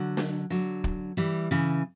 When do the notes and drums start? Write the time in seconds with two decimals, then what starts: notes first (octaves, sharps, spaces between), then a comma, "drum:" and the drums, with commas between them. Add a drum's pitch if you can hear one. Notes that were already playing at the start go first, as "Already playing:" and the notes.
Already playing: D3 F#3
0.17 drum: snare
0.50 D3 F#3
0.84 drum: kick
1.17 E3 G3
1.51 C#3 E3